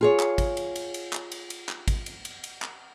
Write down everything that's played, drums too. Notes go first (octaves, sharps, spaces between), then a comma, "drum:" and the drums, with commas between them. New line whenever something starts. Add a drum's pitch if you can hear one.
F4 G#4 C#5
drum: clap
drum: kick, cymbal
drum: cymbal
drum: cymbal
drum: cymbal
drum: clap
drum: cymbal
drum: cymbal
drum: clap
drum: kick, cymbal
drum: cymbal
drum: cymbal
drum: cymbal
drum: clap